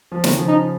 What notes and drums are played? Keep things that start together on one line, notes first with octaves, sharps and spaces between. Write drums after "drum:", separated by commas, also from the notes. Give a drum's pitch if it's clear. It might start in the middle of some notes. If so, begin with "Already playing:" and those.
F3
D#3, drum: snare
C#3 F3
D#4